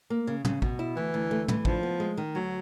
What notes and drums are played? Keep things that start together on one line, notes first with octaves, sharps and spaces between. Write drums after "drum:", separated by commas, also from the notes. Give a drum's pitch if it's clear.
A#3
C#3
C#3, drum: tom
B2, drum: kick
E4
D2 E3
D2
A3
E3, drum: tom
F3 D4, drum: kick
B3
G#3
D#3
D2 F#3